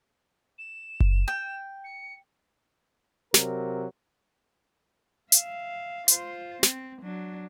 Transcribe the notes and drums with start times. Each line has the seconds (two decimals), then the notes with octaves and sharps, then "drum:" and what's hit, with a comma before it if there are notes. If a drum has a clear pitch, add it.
0.58 E7
1.01 drum: kick F#1
1.28 G5
1.84 C#7
3.34 C3 F#3 A#4, drum: snare
5.32 E5 F5, drum: hi-hat
6.08 F4 C5, drum: hi-hat
6.63 C4, drum: snare
7.02 F#3 D4